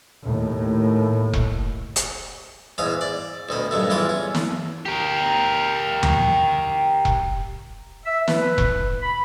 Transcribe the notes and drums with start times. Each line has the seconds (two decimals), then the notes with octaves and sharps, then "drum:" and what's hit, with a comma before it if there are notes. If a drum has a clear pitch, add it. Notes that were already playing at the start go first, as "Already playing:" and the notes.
0.24 D#2 A2
1.33 drum: kick E1
1.96 drum: hi-hat
2.78 E2 G#2 F5 D#6
3.01 D5
3.49 D2 B2 D#5
3.71 B1 G2 D#3 A3
3.90 E2 E3 G#3 F4 D#6
4.09 C#4
4.35 drum: snare
4.86 G4 A#4
6.03 drum: tom D#2
7.05 drum: kick E1
8.05 E5
8.28 B4, drum: snare
8.58 drum: kick E1
9.02 B5